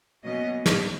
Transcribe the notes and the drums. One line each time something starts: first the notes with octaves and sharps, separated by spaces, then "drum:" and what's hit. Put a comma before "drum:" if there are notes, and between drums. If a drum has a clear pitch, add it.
B2 F#3 A#3 C#4 D#5
drum: snare